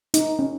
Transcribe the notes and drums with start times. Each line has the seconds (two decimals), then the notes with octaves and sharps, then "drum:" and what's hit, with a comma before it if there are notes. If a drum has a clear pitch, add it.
0.14 D#4, drum: hi-hat
0.39 C#4